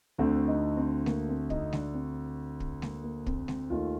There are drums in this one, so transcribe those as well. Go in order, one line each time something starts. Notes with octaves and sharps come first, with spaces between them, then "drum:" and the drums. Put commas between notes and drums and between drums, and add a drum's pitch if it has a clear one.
D2 D3 A3 C4
D#4
C4
A#3, drum: snare G#3
C4
D#4, drum: kick
D4, drum: snare G#3
C4
drum: kick
A#3, drum: snare G#3
A#3
C4, drum: kick
C4, drum: snare G#3
D#2 D#3 A3 F4